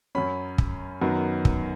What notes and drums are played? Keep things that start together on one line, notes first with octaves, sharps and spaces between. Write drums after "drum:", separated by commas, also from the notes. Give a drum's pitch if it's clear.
F#2 F#3 C#4 B5
drum: kick
F#2 D#3 F#3 B3
drum: kick